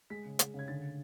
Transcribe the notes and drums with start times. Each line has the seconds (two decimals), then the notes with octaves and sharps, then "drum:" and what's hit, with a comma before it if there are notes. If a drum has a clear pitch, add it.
0.10 G#3 B6
0.25 C#3
0.39 G#3, drum: hi-hat
0.54 C#3 G#6
0.68 D3 A6